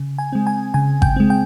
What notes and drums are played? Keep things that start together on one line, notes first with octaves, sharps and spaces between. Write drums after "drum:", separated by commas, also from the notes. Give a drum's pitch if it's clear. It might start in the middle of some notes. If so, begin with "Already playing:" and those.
Already playing: C#3
G#5
G#3 C4
G#5
C#3 G#5
G5, drum: kick G#1
G#3 C4
G5